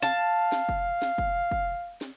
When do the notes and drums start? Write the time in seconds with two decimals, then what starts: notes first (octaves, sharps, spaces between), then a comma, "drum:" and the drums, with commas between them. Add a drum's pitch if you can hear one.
0.02 F5 A5, drum: snare
0.52 drum: snare
0.69 drum: kick
1.02 drum: snare
1.18 drum: kick
1.51 drum: kick
2.01 drum: snare